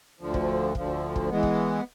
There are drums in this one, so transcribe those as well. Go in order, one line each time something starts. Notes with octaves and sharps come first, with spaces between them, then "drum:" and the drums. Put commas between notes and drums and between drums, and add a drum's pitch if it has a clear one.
D2 D3 F3
drum: kick
D2 D3 F3, drum: kick
drum: kick
E3 G#3 B3
drum: kick